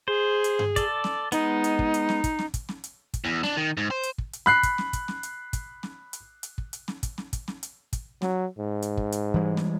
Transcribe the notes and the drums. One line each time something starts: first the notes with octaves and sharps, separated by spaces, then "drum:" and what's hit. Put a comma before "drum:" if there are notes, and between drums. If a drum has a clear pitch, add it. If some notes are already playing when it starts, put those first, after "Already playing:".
G#4 C5
drum: hi-hat
drum: tom G2
A4 D5, drum: kick, hi-hat
drum: snare
G#3 B3 D#4, drum: hi-hat
drum: hi-hat
drum: kick
drum: hi-hat
drum: snare
drum: kick, hi-hat
drum: snare
drum: kick, hi-hat
drum: snare
drum: hi-hat
drum: kick, hi-hat
E2
D4, drum: snare
D#3
G#2
C5
drum: hi-hat
drum: kick
drum: hi-hat
B5 F#6 C7, drum: snare
drum: kick, hi-hat
drum: snare
drum: kick, hi-hat
drum: snare
drum: hi-hat
drum: kick, hi-hat
drum: snare
drum: hi-hat
drum: hi-hat
drum: kick
drum: hi-hat
drum: snare
drum: kick, hi-hat
drum: snare
drum: kick, hi-hat
drum: snare
drum: hi-hat
drum: kick, hi-hat
F#3, drum: snare
G#2
drum: hi-hat
drum: kick
drum: hi-hat
E3 G3 G#3
drum: snare